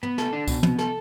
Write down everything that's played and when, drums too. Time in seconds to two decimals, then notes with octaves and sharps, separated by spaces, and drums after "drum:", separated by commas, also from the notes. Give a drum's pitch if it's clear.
0.03 B3, drum: tom
0.18 A4, drum: snare
0.33 D4
0.48 B2, drum: kick C2, tambourine
0.63 B3, drum: tom
0.79 A4, drum: snare